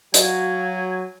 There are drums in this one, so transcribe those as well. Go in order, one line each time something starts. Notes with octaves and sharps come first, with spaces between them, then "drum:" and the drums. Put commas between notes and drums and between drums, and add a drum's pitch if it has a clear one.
F#3 F#4 F5 G#5, drum: hi-hat